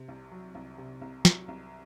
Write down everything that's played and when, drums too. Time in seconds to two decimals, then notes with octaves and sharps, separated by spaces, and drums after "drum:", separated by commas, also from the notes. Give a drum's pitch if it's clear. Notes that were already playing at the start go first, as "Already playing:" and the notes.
Already playing: C3
0.08 C2
0.31 F#3
0.55 C2
0.78 C3
1.01 C2
1.25 F#3, drum: snare
1.48 C2